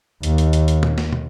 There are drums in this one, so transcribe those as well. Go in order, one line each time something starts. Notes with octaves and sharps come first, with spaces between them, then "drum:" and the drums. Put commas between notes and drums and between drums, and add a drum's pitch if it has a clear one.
D#2, drum: hi-hat
drum: hi-hat
drum: hi-hat
drum: hi-hat
drum: tom
drum: snare A#3
drum: tom